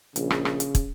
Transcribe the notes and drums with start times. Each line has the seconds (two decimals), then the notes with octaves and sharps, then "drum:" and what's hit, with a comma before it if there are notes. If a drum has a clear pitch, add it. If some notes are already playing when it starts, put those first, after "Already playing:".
0.16 A#1 C#3, drum: hi-hat
0.30 drum: rim click
0.45 drum: rim click
0.60 drum: hi-hat
0.75 drum: kick, hi-hat